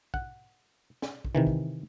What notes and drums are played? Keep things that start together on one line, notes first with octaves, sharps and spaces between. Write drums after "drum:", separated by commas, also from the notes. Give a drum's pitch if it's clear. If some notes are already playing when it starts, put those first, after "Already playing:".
F#5, drum: kick
drum: snare
drum: kick
C3 D#3 E3
drum: kick